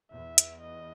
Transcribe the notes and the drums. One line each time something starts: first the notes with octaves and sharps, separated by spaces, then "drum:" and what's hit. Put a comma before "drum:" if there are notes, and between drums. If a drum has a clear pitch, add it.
E2 E5
drum: hi-hat
D#5